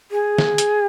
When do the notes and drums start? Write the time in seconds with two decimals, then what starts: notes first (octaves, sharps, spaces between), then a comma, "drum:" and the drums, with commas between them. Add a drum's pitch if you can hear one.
0.11 G#4
0.38 drum: snare
0.58 drum: hi-hat